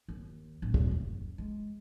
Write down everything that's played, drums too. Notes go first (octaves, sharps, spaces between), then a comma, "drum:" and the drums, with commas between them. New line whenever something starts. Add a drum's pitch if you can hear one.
D#2
D1
drum: kick
F#1
G#3